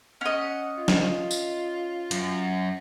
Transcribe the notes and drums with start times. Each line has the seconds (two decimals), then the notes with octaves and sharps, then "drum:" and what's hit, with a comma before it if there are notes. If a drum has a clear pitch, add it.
0.21 C#4 D#5 F#5
0.78 F4
0.88 drum: snare
1.31 drum: tambourine
2.11 F#2, drum: hi-hat